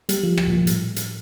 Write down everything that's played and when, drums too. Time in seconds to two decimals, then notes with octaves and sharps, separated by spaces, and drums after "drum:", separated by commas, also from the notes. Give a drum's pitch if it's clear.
0.09 G3, drum: hi-hat
0.23 F3
0.38 F3, drum: rim click
0.47 A#2
0.58 A#2
0.67 A2, drum: hi-hat
0.96 drum: hi-hat